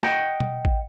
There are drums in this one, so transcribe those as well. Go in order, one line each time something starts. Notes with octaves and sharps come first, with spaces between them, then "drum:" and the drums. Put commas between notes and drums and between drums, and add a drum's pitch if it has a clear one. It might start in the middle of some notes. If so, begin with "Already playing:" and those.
D#5 F#5 G5, drum: snare
drum: tom B2
drum: kick A1